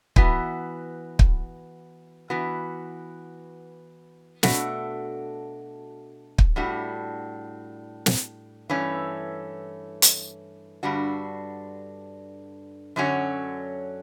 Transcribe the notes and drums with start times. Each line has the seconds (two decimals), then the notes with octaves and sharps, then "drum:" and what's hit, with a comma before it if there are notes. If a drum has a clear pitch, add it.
0.16 E3 B3 F#4, drum: kick
1.19 drum: kick
2.30 E3 B3 F#4
4.43 B2 A3 D4 F#4, drum: snare
6.38 drum: kick
6.56 A2 G3 D4 F#4
8.06 drum: snare
8.69 G2 E3 A3 C#4
10.02 drum: hi-hat
10.83 G2 D3 G3 D4 F#4
12.96 F#2 D3 F#3 C#4 F#4